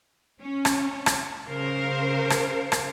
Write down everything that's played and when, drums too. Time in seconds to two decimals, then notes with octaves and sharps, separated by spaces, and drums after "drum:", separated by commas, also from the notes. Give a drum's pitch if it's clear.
0.40 C#4
0.65 drum: rim click
1.06 drum: rim click
1.48 C#3 A#4 C5 F5
2.30 drum: rim click
2.72 drum: rim click